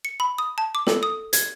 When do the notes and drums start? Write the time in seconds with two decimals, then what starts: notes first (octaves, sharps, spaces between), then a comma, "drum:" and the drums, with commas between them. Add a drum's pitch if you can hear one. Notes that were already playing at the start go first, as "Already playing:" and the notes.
0.05 C#7
0.20 B5
0.38 D#6
0.58 A5
0.75 D6
0.87 A4, drum: snare
1.03 D#6
1.33 G#6, drum: hi-hat